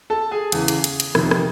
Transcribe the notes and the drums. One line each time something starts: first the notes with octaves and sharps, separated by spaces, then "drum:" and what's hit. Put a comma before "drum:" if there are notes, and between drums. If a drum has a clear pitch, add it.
A4 A5
G#4 G#5
E2 C#3 E3, drum: hi-hat
drum: hi-hat
drum: hi-hat
drum: hi-hat
F2 C3 D#3, drum: rim click
drum: rim click